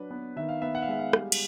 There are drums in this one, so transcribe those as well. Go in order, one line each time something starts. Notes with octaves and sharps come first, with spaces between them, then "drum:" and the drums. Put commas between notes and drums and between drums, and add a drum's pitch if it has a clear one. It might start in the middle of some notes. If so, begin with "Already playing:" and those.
Already playing: F#3 D4 B4
B3
D#3 E5
F5
B3 E5
F#5
F5
G#3 E5
F5
G3, drum: rim click
drum: cymbal